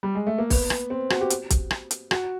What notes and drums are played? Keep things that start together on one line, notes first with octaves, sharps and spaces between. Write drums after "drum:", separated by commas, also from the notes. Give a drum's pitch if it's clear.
G3
G#3
A3
A#3
B3, drum: kick, open hi-hat
drum: rim click
C4
F#4, drum: rim click
G4
drum: hi-hat
drum: kick, hi-hat
drum: rim click
drum: hi-hat
F#4, drum: rim click